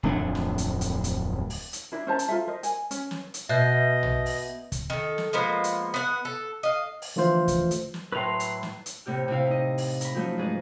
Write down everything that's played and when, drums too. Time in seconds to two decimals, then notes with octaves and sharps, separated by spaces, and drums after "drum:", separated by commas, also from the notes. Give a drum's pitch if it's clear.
0.03 D1 F2 A3 D4
0.35 drum: snare
0.58 drum: hi-hat
0.81 drum: hi-hat
1.04 drum: hi-hat
1.50 drum: open hi-hat
1.73 drum: hi-hat
1.92 D4 E4 A#4
2.07 C#4 C5 A5 A#5
2.19 drum: hi-hat
2.29 F4 A4 E5
2.47 A#4 C5 D#5
2.63 G#5, drum: hi-hat
2.91 C#4, drum: hi-hat
3.11 drum: snare
3.34 drum: hi-hat
3.49 B2 D#5 E5 F#6 G6
4.03 drum: tom
4.26 drum: open hi-hat
4.72 drum: kick, hi-hat
4.90 D#3 A4
5.18 drum: snare
5.33 F3 G#3 A#3 B3
5.64 drum: hi-hat
5.94 B3 F#5
6.25 A4
6.63 D#5 F5
7.02 drum: open hi-hat
7.16 D3 E3 F3 A3 F4 C5
7.48 drum: kick, hi-hat
7.71 drum: hi-hat
7.94 drum: snare
8.12 A2 F#3 B4 A#5 C6
8.40 drum: hi-hat
8.63 drum: snare
8.86 drum: hi-hat
9.06 A2 C3 G4 F6
9.28 C3 C4 E4 F5
9.47 D#4 D#5
9.78 drum: open hi-hat
10.01 A#4 B5, drum: hi-hat
10.15 F3 F#3 A3 C#4 D#4 F4
10.38 G#2 G#4 B4 D#5